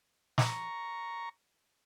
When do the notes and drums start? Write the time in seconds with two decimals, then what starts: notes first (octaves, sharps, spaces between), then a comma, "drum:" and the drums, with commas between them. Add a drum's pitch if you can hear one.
0.38 A#5 C#6, drum: snare